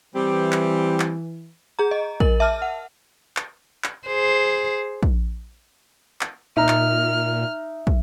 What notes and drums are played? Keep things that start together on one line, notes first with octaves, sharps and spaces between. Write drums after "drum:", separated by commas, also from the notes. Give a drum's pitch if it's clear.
E3 G3 C4 G4
drum: clap
drum: clap
G#4 A#5
D#5
A#4 F#7, drum: kick
E5 A5 F6
F#5
drum: clap
drum: clap
G#4 C5
drum: kick
drum: clap
A#2 D#4 E5 A#5 F6
drum: clap
drum: kick